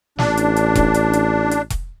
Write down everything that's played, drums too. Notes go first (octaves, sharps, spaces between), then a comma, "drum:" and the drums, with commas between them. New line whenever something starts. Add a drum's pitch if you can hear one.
A1 D4, drum: snare
drum: hi-hat
drum: hi-hat
drum: kick E1, hi-hat
drum: hi-hat
drum: hi-hat
drum: hi-hat
drum: kick E1, hi-hat